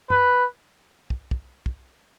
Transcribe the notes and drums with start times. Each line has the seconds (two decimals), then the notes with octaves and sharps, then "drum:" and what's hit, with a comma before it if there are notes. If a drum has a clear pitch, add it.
0.10 B4, drum: tom
1.10 drum: kick
1.31 drum: kick
1.66 drum: kick